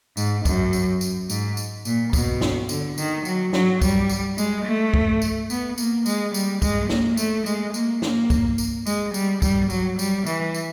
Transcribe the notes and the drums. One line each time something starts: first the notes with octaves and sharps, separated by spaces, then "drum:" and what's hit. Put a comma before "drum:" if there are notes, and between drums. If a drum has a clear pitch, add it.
G#2, drum: tambourine
F#2, drum: kick, tambourine
drum: tambourine
drum: tambourine
G#2, drum: tambourine
drum: tambourine
A#2, drum: tambourine
B2, drum: kick, tambourine
drum: snare
D3, drum: tambourine
D#3, drum: tambourine
F#3, drum: tambourine
F#3, drum: snare
G3, drum: kick, tambourine
drum: tambourine
G#3, drum: tambourine
A3
drum: kick
drum: tambourine
B3, drum: tambourine
A#3, drum: tambourine
G#3, drum: tambourine
G3, drum: tambourine
G#3, drum: kick, tambourine
A#3, drum: snare
A3, drum: tambourine
G#3, drum: tambourine
A#3, drum: tambourine
A#3, drum: snare
drum: kick, tambourine
drum: tambourine
G#3, drum: tambourine
G3, drum: tambourine
G3, drum: kick, tambourine
F#3, drum: tambourine
G3, drum: tambourine
E3, drum: tambourine
drum: tambourine